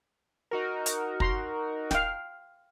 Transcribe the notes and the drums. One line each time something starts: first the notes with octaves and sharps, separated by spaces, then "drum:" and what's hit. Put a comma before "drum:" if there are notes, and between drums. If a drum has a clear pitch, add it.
D#4 F#4 A#4
drum: hi-hat
A#5 C6, drum: kick
F5 G5, drum: snare